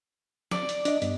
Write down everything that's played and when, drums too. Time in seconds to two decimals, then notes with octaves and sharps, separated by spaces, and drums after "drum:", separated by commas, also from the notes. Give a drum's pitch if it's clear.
0.51 D5, drum: snare
0.69 drum: hi-hat
0.85 D4 D#5, drum: hi-hat
1.02 G2 B3, drum: hi-hat